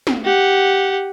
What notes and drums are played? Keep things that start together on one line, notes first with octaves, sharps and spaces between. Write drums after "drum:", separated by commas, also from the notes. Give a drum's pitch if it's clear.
drum: snare
G4 F#5